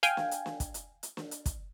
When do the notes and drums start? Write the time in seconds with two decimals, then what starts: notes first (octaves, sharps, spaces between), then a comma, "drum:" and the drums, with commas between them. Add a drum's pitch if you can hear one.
0.03 F5 G5 G#5, drum: hi-hat
0.17 drum: snare
0.31 drum: hi-hat
0.46 drum: snare
0.60 drum: kick, hi-hat
0.74 drum: hi-hat
1.03 drum: hi-hat
1.17 drum: snare
1.31 drum: hi-hat
1.46 drum: kick, hi-hat